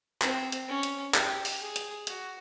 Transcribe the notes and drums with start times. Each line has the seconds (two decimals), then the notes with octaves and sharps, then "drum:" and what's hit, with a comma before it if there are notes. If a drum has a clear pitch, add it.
0.22 C4, drum: clap
0.52 drum: hi-hat
0.68 C#4
0.83 drum: hi-hat
1.14 G4, drum: clap
1.45 drum: open hi-hat
1.61 G#4
1.76 drum: hi-hat
2.07 F#4, drum: hi-hat